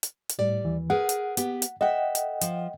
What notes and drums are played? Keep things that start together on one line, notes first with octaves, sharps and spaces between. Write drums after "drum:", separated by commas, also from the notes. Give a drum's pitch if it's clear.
drum: hi-hat
drum: hi-hat
A2 G3 D5
D#2 E3
G#4 A#4 B4 F#5
drum: hi-hat
B3 G4, drum: hi-hat
drum: hi-hat
A4 D#5 E5 F#5 G5
drum: hi-hat
F3, drum: hi-hat